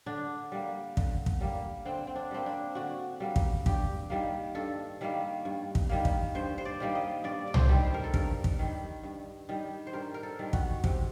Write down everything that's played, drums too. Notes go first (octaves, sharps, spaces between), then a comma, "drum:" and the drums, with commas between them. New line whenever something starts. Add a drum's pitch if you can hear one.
D3 D4
G3 A#3
D3, drum: kick
drum: kick
G3 A#3
D3 C4
C4
D4
G3 A#3 C4
D4
D3 F#4
G3 A#3
drum: kick
G2 G4, drum: kick
D#3 G3 A#3
G2 A4
D#3 G3 A#3
G2
drum: kick
D#3 G3 A#3
drum: kick
G2 C5
C5
D5
D#3 G3 A#3
D#5
G2 D5
D5
C5, drum: tom C2
D#3 G3
C5
A#4
A4
G2 A#4, drum: kick
drum: kick
D#3 G3
G2
D#3 G3
C5
G2 A#4
A#4
A4
D#3 G3
F#4, drum: kick
C3, drum: kick